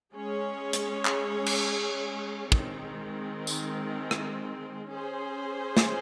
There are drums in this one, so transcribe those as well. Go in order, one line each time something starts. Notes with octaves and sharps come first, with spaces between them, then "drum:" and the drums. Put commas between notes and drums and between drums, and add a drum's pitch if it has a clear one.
G#3 C#4 G#4 C#5
drum: hi-hat
drum: clap
drum: cymbal
D#3 G#3 C4, drum: kick
drum: tambourine
drum: rim click
C#4 G#4 C5
drum: snare